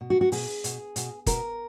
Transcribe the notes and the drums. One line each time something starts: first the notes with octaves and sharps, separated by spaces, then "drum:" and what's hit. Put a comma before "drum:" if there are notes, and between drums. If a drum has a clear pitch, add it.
B2
F#4
F#4
B2 G#4, drum: open hi-hat
B2, drum: hi-hat
B2, drum: hi-hat
B2 A#4, drum: kick, hi-hat